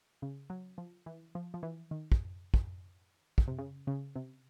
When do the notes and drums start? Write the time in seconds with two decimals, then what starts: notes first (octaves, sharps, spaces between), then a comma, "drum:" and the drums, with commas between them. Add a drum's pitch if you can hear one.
0.22 C#3
0.50 F#3
0.78 F3
1.06 E3
1.35 F3
1.54 F3
1.63 E3
1.91 D#3
2.12 drum: kick
2.54 drum: kick
3.38 drum: kick
3.48 C3
3.58 C#3
3.87 C#3
4.16 C3